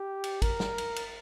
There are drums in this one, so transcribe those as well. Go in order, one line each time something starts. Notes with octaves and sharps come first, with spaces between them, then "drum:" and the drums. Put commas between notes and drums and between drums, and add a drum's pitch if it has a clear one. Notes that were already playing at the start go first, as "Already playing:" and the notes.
Already playing: G4
drum: cymbal
A#4, drum: kick, cymbal
drum: snare
drum: cymbal
drum: cymbal